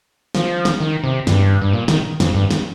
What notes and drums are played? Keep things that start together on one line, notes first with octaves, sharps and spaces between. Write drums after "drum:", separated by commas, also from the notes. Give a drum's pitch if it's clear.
F3, drum: snare
drum: snare
D#3
C3
G2, drum: snare
G2
A#2
D#3, drum: snare
F2, drum: snare
G2
drum: snare